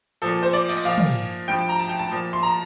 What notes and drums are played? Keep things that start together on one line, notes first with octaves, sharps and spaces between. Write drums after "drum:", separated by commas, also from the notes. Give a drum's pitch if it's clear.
A#2 F3 A4
C5
D5
D#5, drum: cymbal
A#2 F3 F5
drum: tom
G2 F3 G5
A5
A#5
A5
G5
A5
A#2 F3
C6
A#5